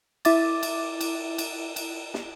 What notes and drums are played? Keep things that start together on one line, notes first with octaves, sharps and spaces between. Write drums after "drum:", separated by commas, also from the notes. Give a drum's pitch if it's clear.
E4 E5 D6 A6, drum: cymbal
drum: cymbal
drum: cymbal
drum: cymbal
drum: cymbal
drum: snare